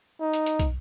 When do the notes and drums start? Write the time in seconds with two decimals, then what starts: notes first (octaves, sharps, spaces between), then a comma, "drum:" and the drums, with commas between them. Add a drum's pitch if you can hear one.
0.21 D#4
0.33 drum: hi-hat
0.46 drum: hi-hat
0.59 drum: kick, hi-hat